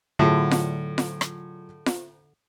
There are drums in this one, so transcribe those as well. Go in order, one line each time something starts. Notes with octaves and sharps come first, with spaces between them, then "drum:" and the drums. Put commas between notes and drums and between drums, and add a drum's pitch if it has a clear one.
A2 D3 F#3 F4 G#4
drum: snare F4
drum: snare F4
drum: rim click
drum: snare F4